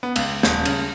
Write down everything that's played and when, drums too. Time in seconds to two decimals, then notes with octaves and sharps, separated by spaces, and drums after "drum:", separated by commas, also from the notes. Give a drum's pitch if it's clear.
0.03 B3
0.16 C#2, drum: cymbal
0.43 D#1, drum: snare
0.65 C#3, drum: cymbal